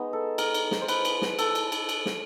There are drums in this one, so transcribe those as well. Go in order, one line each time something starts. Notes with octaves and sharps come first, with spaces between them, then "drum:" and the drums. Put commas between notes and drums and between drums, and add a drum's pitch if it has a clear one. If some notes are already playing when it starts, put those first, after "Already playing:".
Already playing: G#3 B3 D#4
A4
A#4, drum: cymbal
drum: cymbal
drum: snare
C5
B4, drum: cymbal
drum: cymbal
drum: snare
A4, drum: cymbal
drum: cymbal
drum: cymbal
drum: cymbal
drum: snare